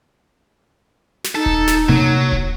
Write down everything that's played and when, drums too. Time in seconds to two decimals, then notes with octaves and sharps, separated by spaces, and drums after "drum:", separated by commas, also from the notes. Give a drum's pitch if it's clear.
1.24 drum: snare
1.35 D#4 A4
1.46 drum: kick D#1
1.67 drum: snare
1.89 C3 F#3 A#3
2.32 drum: kick D#1